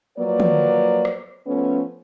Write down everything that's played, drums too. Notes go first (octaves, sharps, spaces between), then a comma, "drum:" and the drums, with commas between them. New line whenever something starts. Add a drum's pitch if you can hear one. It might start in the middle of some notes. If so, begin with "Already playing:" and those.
F3 F#3 A#3 B4 D5
drum: tom
drum: rim click
F3 A3 B3 C#4